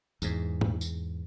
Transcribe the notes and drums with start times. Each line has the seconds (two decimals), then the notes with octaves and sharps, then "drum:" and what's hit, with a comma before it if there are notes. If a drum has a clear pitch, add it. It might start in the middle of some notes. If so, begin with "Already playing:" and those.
0.22 E2 G#2, drum: tambourine
0.61 drum: tom
0.81 drum: tambourine